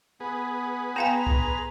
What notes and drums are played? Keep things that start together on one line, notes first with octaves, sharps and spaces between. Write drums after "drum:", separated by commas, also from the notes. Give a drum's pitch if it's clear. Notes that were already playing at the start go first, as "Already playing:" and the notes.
B3 G#4 B4
B3 F5 G#5 A#5 C6
drum: kick C2